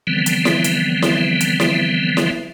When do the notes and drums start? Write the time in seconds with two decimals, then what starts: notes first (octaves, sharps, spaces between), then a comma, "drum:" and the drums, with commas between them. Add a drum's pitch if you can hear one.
0.07 D3 E3 F3 G3 B3 C4
0.26 drum: hi-hat
0.45 drum: snare E4
0.64 drum: hi-hat
1.02 drum: snare E4
1.41 drum: hi-hat
1.60 drum: snare E4
2.17 drum: snare E4